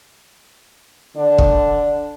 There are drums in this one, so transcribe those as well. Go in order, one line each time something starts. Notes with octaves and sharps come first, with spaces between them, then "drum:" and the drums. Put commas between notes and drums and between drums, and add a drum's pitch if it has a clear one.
D3 D4
drum: kick